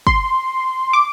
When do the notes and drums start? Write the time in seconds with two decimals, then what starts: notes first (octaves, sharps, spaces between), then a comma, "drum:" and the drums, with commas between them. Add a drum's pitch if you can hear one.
0.07 C6, drum: kick
0.93 D6